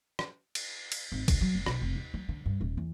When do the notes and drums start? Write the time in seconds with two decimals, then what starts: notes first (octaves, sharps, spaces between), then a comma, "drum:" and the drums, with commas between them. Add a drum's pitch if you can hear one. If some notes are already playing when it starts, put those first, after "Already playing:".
0.19 drum: rim click
0.55 drum: cymbal
0.92 drum: cymbal
1.12 G#1
1.28 C#2, drum: kick, cymbal
1.41 F#3
1.54 F1
1.66 B1, drum: rim click
1.81 F1
1.96 D#2
2.14 F#3
2.29 D3
2.46 G2
2.61 D#1
2.77 E2